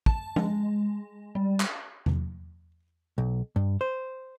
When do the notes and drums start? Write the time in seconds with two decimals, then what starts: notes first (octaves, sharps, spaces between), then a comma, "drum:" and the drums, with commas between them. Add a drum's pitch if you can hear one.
0.06 A5, drum: kick
0.36 G#3, drum: tom F3
1.35 G3
1.60 drum: clap
2.06 drum: tom E2
3.18 B1
3.56 G2
3.81 C5